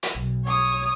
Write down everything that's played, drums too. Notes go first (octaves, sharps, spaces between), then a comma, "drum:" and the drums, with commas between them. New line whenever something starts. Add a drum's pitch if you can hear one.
drum: hi-hat
B1
C#5 D#6